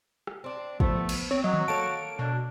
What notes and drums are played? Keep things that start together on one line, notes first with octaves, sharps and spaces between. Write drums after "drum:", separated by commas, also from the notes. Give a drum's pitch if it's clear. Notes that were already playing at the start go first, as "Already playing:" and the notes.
drum: rim click
C4 D4
F3 A3 B3 C5, drum: kick
drum: cymbal
C4 C#5
F#3 F#4 D#5
drum: tom D#3
A#3 A4 C#5 A5 D7
B2 D4